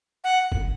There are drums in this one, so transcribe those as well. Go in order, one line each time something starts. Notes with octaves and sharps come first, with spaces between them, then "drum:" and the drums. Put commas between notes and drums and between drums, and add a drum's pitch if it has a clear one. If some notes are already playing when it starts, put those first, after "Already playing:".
F#5
drum: kick